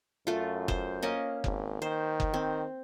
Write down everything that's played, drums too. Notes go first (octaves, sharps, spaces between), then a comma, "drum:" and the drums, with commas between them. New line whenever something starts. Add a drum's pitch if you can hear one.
F#2 A3 F4
C5, drum: kick F#1
A#3 C#4 D#5
G#1, drum: kick F#1
D#3 C5
drum: kick F#1
C4